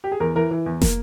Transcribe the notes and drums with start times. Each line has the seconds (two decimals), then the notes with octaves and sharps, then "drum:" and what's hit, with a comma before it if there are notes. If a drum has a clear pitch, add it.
0.04 G4
0.12 G#4
0.20 E2 A#4
0.36 E3 A#4
0.51 E3
0.66 E2
0.81 A#3, drum: snare